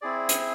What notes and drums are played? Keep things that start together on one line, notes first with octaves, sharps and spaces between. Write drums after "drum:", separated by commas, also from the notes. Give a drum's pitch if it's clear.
C4 E4 G#4 D5
drum: hi-hat